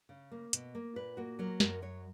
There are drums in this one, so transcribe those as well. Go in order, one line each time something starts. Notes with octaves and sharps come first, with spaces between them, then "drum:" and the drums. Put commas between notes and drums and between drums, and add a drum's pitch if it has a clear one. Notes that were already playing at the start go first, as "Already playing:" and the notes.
C#3
A#3
B2, drum: hi-hat
A#3
A#2 B4
A#3 F#4
F#3 A#4
F#2 A#4, drum: snare
F#3 C#5